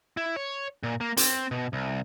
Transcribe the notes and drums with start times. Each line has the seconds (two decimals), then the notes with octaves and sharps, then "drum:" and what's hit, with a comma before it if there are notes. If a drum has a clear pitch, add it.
0.17 E4
0.36 C#5
0.83 A#2
1.01 A#3
1.17 C4, drum: hi-hat
1.51 B2
1.73 C2